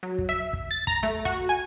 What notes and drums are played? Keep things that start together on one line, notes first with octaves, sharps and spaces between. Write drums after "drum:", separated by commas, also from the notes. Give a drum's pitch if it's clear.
F#3
drum: kick
E5
drum: kick
A6
A#5, drum: kick
A3, drum: snare
F#4, drum: kick
G#5